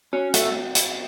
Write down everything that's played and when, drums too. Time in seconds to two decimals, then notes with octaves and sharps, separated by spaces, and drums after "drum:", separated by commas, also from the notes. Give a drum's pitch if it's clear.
0.13 C#4 F#4
0.34 A3 F#4, drum: hi-hat
0.75 drum: hi-hat